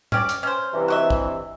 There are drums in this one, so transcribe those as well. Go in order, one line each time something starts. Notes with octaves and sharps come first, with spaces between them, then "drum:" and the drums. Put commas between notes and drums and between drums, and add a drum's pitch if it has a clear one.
C#4 G4 D5, drum: tom
drum: hi-hat
C#4 C5
G2 C3 E3
F#4 D#5 E5
drum: kick